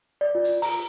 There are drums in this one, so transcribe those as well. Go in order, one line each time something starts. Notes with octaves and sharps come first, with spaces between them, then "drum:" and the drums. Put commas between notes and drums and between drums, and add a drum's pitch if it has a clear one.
D5
F4
drum: hi-hat
A#5, drum: open hi-hat